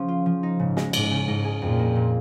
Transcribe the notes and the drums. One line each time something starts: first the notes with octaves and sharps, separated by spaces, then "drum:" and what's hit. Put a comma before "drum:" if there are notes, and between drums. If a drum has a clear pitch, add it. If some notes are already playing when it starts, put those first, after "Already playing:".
Already playing: C#3 F3 C#4
F4
F3
D#4
G#2 C#3
G#3, drum: snare
G#2 G#3, drum: cymbal
C#3
G#2 D#4
G#4
F2 A#2
A#3
A#2